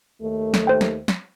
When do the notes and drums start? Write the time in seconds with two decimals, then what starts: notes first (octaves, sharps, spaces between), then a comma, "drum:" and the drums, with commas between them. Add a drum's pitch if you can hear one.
0.21 D#2 A3
0.54 drum: snare
0.67 C5 G5
0.81 drum: snare
1.08 drum: snare